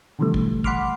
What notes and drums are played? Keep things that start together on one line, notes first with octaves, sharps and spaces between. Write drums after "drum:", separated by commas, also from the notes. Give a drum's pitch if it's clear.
B2 D3 E3 F3 G3 A3
drum: kick
F#5 B5 C6 D6 F6, drum: kick